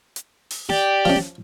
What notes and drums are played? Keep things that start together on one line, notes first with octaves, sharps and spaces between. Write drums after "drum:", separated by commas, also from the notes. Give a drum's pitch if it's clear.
drum: hi-hat
drum: open hi-hat
G4 D5, drum: snare
F3 C#4, drum: snare
drum: snare